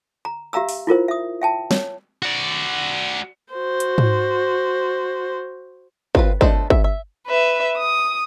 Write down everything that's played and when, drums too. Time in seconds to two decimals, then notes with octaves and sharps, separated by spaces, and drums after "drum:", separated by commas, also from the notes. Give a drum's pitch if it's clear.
0.25 A#5
0.53 G4 E5 F5 A#5 E6
0.69 drum: open hi-hat
0.87 E4 F4 A#4 C5
1.08 E5 D#6
1.42 E5 G5 A5
1.71 C#5, drum: snare
2.22 F#4 D5
3.54 F#4 C5
3.80 drum: hi-hat
3.98 drum: tom G#2
6.15 C4 F4 B4, drum: kick
6.41 A3 D4 A4 C5 D#5, drum: kick
6.70 E5, drum: kick
6.84 E5
7.27 B4 E5
7.78 D#6